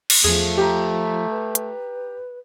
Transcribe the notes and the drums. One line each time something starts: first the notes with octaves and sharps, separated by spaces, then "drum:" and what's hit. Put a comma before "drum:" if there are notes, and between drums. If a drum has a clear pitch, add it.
drum: cymbal
E2 F3 A3 G#4 G#6
G4 A#5
B4
drum: hi-hat